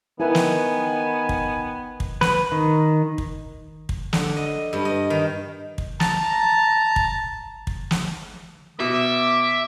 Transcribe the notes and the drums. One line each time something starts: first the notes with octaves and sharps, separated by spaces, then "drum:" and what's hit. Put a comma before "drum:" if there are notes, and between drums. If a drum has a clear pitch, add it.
D#3 B3 E4 A#4 B4 G#5
drum: snare
drum: kick
drum: kick
B4, drum: snare
D#3
drum: kick
drum: kick
D3, drum: snare
D#5
G2
D#5
D#3
drum: kick
A5 A#5, drum: snare
drum: kick
drum: kick
drum: snare
B2 E5 D6